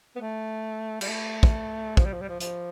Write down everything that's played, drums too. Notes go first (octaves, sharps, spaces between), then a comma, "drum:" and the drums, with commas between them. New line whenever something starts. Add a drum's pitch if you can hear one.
B3
A3
G3, drum: cymbal
A3
drum: kick
F3, drum: kick
G3
F3
G3
F3
F3, drum: hi-hat